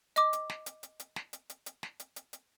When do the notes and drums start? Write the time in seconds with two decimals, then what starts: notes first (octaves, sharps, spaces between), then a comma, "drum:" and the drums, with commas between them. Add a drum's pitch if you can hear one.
0.16 D#5 D6, drum: hi-hat
0.33 drum: hi-hat
0.50 drum: snare
0.66 drum: hi-hat
0.83 drum: hi-hat
1.00 drum: hi-hat
1.16 drum: snare
1.33 drum: hi-hat
1.50 drum: hi-hat
1.66 drum: hi-hat
1.83 drum: snare
2.00 drum: hi-hat
2.16 drum: hi-hat
2.33 drum: hi-hat